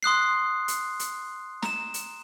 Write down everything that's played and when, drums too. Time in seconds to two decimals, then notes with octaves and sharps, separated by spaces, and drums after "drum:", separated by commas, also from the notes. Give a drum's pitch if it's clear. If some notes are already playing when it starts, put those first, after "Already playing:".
0.03 C6 D#6 F#6 C7
0.68 drum: hi-hat
1.00 drum: hi-hat
1.62 A#5 E7, drum: snare
1.94 drum: hi-hat